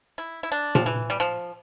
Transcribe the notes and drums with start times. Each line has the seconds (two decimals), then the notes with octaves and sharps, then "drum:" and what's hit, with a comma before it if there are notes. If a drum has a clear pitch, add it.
0.18 E4
0.43 E4
0.52 D4
0.75 F3, drum: tom A#2
0.86 E3
1.10 G3
1.20 F3